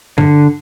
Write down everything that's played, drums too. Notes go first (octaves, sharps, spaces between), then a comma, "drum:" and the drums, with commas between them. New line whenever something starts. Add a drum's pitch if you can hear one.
D3, drum: tom G2